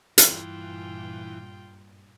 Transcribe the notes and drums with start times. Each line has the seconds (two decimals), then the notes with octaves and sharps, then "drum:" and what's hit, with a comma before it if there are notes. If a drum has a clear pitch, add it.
0.18 G2 A#2 E3 F4 G5, drum: hi-hat